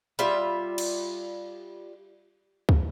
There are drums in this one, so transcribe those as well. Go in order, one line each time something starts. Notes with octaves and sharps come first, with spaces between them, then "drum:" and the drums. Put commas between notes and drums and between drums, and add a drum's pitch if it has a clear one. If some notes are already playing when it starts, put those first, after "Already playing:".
G3 F4 E5, drum: hi-hat
drum: cymbal
drum: kick